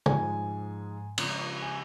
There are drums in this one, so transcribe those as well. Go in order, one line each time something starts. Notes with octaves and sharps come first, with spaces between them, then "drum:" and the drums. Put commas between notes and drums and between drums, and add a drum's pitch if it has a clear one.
G#2 F3 G#3 G#5, drum: tom
C#3 F3 G#3 A#5, drum: cymbal
G#5